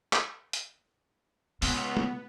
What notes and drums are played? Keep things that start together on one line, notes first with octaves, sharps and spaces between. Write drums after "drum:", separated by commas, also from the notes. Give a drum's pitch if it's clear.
drum: clap
drum: hi-hat
C#2 C#3 B3, drum: open hi-hat
drum: tom